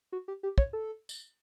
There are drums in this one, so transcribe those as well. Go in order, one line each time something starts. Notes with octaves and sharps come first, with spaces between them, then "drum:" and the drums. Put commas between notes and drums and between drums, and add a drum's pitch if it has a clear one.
F#4
G4
G4
C#5, drum: kick
A4
drum: tambourine